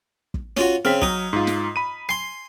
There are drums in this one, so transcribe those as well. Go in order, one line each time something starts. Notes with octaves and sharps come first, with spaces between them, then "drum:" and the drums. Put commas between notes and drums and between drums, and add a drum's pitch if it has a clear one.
drum: kick
C#4 F4 F#4, drum: snare
C#3 C4 F6 B6
F#3 D#4 D#6, drum: kick
G#2 F4
drum: snare
B5 D#7
G#5 C6 C7